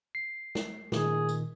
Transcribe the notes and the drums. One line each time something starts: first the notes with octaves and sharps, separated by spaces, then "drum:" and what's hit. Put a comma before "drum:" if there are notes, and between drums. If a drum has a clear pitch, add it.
C7
drum: snare
A#2 D#3 G#4, drum: snare
drum: tambourine